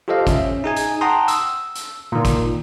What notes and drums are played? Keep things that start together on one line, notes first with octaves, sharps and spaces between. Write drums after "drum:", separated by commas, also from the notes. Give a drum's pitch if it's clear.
F4 G4 A4 C5 D#5 F5
C#4 E5, drum: kick, hi-hat
D#4 G#4 G#5
drum: hi-hat
F#5 G5 A5 A#5 C6 D#6
E6, drum: hi-hat
drum: hi-hat
A#2 D#3
drum: kick, hi-hat